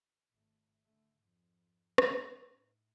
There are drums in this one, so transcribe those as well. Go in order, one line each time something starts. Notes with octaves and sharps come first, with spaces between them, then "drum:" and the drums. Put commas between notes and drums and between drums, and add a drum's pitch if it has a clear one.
G#1 A3
D3 A3
F2 G#2
D4 D#4, drum: rim click
A2